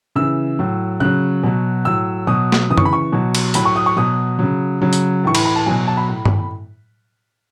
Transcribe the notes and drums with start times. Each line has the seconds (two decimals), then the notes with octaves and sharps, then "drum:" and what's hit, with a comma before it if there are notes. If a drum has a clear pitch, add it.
0.15 C#3 E3 E6
0.59 A2 F#3
1.00 C#3 F#3 F#6
1.43 B2 F#3
1.85 A2 F#3 E6
2.27 B2 F#3 D#6
2.52 drum: snare
2.70 C#3 E3 D#6
2.78 C#6, drum: tom
2.85 B5
2.93 C#6
3.12 B2 F#3
3.35 drum: cymbal
3.54 A2 F#3 B5, drum: hi-hat
3.65 C#6
3.76 D#6
3.86 C#6
3.97 B2 F#3 D#6
4.39 C#3 F#3
4.82 C#3 F#3
4.93 drum: hi-hat
5.24 A2 E3 C#6
5.35 B5, drum: cymbal
5.45 B5
5.56 A5
5.66 B2 F#3 G#5
5.88 A5
5.97 B5
6.08 A2
6.25 drum: tom G2